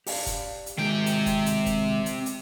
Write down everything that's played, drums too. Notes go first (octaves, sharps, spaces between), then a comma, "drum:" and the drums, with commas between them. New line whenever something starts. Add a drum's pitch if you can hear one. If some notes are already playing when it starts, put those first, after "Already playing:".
G4 D5 F5, drum: open hi-hat
drum: kick, hi-hat
drum: hi-hat
C3 D#3 G#3 G#4 G5
drum: hi-hat
drum: kick, hi-hat
drum: hi-hat
drum: kick, hi-hat
drum: hi-hat
drum: hi-hat